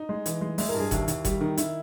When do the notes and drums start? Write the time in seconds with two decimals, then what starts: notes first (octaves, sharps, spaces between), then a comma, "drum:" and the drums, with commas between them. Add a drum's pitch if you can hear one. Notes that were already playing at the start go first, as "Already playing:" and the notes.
Already playing: D#4
0.09 G#3
0.26 E3, drum: hi-hat
0.41 G#3
0.58 G#3 E4, drum: open hi-hat
0.69 A#4
0.75 G2
0.80 G#4
0.91 D#2 E4, drum: kick F#1, hi-hat
1.08 D#2, drum: hi-hat
1.25 G3, drum: kick F#1, hi-hat
1.41 D#3
1.57 D#3 E4, drum: hi-hat